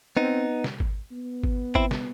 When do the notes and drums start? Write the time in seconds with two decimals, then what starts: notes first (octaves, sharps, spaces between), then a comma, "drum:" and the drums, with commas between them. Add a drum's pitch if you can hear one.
0.17 B3 C4 D#4
0.64 drum: snare
0.80 drum: kick G#1
1.12 B3
1.44 drum: kick G#1
1.75 C4 E4, drum: kick G#1
1.91 drum: snare